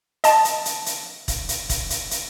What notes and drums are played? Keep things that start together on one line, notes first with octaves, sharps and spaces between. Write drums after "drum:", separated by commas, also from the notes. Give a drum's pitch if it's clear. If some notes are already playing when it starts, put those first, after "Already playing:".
D#5 A5, drum: hi-hat
drum: hi-hat
drum: hi-hat
drum: hi-hat
drum: kick E1, hi-hat
drum: hi-hat
drum: kick E1, hi-hat
drum: hi-hat
drum: hi-hat